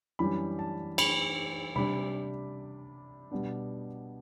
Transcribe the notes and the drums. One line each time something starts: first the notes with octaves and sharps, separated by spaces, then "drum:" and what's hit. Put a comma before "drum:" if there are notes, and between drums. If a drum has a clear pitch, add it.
F#2 E3 G3 D4 B5
A5
B5, drum: cymbal
C3 G3 D4 B5
B2 G3 B3 D4